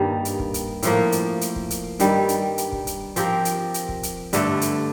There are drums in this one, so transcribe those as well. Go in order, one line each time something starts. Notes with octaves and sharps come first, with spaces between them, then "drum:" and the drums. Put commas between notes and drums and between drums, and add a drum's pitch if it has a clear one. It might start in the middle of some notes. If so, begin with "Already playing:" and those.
Already playing: G2 D#3 G3 A#3
drum: hi-hat
drum: kick
drum: hi-hat
A2 F3 A#3, drum: hi-hat
drum: hi-hat
drum: hi-hat
drum: kick
drum: hi-hat
G2 D#3 G3, drum: hi-hat
drum: hi-hat
drum: hi-hat
drum: kick
drum: hi-hat
F3 C4 G4 A#4, drum: hi-hat
drum: hi-hat
drum: hi-hat
drum: kick
drum: hi-hat
G2 D3 A3 D4, drum: hi-hat
drum: hi-hat